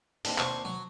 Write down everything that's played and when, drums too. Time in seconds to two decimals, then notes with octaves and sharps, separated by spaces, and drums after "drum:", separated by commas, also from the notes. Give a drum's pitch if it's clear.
0.25 D#2 C4 D4, drum: open hi-hat
0.38 C5 C#6, drum: clap
0.65 F#3